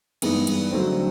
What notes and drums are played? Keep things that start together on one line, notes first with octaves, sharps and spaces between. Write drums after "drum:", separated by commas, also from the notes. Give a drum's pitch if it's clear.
G2 E3 G#3 B3 D#4, drum: cymbal
drum: cymbal
D3 F#3 A3 C4